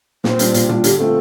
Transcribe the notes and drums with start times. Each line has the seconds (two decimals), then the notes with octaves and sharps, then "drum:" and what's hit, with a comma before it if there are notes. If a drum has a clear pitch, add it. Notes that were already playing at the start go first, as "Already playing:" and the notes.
0.24 A#2 C4, drum: snare
0.39 G3 D4 F4, drum: hi-hat
0.54 A#2, drum: hi-hat
0.69 G3 D4 F4, drum: tom
0.84 D3 G4, drum: hi-hat
0.99 A3 C4 F4 A4